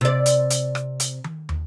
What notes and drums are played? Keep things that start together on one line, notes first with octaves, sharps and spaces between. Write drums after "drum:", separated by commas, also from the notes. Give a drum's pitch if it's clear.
C3 D5
drum: hi-hat
drum: hi-hat
drum: rim click
drum: hi-hat
drum: tom D#3
drum: tom